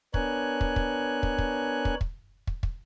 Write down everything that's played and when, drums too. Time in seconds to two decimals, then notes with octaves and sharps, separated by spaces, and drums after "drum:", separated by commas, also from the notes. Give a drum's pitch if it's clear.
0.14 B3 D4 A#4 C#5 G#5 F#6, drum: kick
0.61 drum: kick
0.76 drum: kick
1.23 drum: kick
1.38 drum: kick
1.85 drum: kick
2.01 drum: kick
2.47 drum: kick
2.63 drum: kick